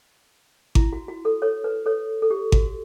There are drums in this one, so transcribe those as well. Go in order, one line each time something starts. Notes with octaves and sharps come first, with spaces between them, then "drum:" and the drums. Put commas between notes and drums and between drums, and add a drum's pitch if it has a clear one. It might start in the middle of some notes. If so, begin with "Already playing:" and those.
E4, drum: kick G#1
F#4
F#4
A4
A4 C#5
B4
A4 C#5
A4
G4
F#4, drum: kick G#1